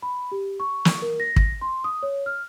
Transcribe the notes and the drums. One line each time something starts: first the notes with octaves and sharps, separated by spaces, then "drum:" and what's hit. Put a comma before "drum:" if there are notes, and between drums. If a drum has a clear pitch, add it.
B5
G4
C#6
drum: snare
A#4
A#6
drum: kick
C6
D#6
C#5
F6